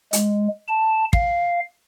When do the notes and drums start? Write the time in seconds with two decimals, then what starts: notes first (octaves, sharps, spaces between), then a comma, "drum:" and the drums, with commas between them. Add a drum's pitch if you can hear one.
0.13 G#3, drum: hi-hat
0.68 A5
1.13 F5, drum: kick